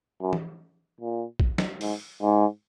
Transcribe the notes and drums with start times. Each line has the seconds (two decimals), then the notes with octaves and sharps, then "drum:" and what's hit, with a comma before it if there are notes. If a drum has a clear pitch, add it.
0.21 F#2
0.33 drum: tom
1.01 A#2
1.40 drum: kick B1
1.58 drum: snare
1.81 G#2, drum: open hi-hat
2.21 G#2